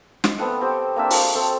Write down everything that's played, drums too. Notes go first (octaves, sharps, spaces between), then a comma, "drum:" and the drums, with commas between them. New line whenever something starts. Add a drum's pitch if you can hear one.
D#5, drum: snare
B3 C4 A4 F#5
C4 G4
A#3 C4 D4 E5
F#4 A4 C#6 D#6, drum: open hi-hat
C4 A4